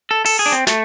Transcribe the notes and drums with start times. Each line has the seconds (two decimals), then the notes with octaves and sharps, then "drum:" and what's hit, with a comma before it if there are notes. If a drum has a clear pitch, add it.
0.11 A4
0.26 A4, drum: open hi-hat
0.39 G#4
0.46 D4
0.52 C4, drum: hi-hat
0.67 A3, drum: snare